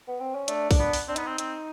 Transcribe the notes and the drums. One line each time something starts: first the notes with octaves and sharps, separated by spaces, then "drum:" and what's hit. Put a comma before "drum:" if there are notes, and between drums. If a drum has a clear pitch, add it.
B3
C4
C#4
A3 D4, drum: hi-hat
D4, drum: kick B1, open hi-hat
B3
drum: open hi-hat
C4 D4
B3 D#4, drum: hi-hat
C4
C4, drum: hi-hat